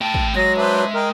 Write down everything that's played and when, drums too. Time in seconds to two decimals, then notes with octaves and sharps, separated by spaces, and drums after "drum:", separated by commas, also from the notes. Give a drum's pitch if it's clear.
0.01 A3 G5 A5
0.14 drum: kick
0.35 F#3 G#3 A#6
0.57 D4 B4 C5 E5
0.94 A#4 D#5 G5